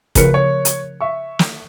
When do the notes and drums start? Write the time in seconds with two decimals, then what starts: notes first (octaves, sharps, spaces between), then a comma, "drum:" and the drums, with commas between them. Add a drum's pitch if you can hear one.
0.15 D1 C#3 F3 A#4 B4 C#7, drum: kick, hi-hat
0.34 C#5
0.65 drum: hi-hat
1.01 E5 C#6
1.39 drum: snare